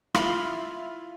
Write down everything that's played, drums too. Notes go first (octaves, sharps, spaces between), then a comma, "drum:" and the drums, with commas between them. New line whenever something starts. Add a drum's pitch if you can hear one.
E4 F4 F5 B5 C6, drum: rim click